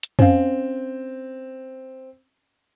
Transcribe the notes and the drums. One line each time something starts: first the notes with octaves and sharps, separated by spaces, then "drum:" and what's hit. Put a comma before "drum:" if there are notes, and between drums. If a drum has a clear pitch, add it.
drum: hi-hat
C4 C#4 F5, drum: tom F2